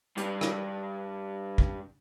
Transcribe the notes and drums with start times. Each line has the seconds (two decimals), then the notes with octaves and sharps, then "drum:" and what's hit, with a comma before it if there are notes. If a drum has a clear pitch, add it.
0.17 G2, drum: hi-hat
0.41 drum: rim click
1.58 drum: kick A1